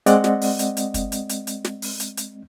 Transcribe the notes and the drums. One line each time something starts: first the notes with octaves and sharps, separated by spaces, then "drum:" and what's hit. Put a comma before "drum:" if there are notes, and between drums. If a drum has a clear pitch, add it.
G#3 C4 D5 D#5 F#5, drum: hi-hat
drum: snare
drum: open hi-hat
drum: hi-hat
drum: hi-hat
drum: kick, hi-hat
drum: hi-hat
drum: hi-hat
drum: hi-hat
drum: snare
drum: open hi-hat
drum: hi-hat
drum: hi-hat